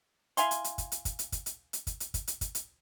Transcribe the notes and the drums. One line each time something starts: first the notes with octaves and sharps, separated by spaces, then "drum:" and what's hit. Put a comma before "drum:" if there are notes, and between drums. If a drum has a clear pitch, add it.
E4 F5 G#5 C6, drum: hi-hat
drum: hi-hat
drum: hi-hat
drum: kick, hi-hat
drum: hi-hat
drum: kick, hi-hat
drum: hi-hat
drum: kick, hi-hat
drum: hi-hat
drum: hi-hat
drum: kick, hi-hat
drum: hi-hat
drum: kick, hi-hat
drum: hi-hat
drum: kick, hi-hat
drum: hi-hat